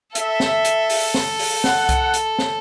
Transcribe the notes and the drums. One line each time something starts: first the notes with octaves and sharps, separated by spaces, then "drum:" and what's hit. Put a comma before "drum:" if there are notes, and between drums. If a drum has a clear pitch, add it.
A4 E5, drum: hi-hat
drum: snare
drum: hi-hat
drum: open hi-hat
drum: snare
drum: open hi-hat
F#5, drum: snare
drum: kick C2, hi-hat
drum: hi-hat
drum: snare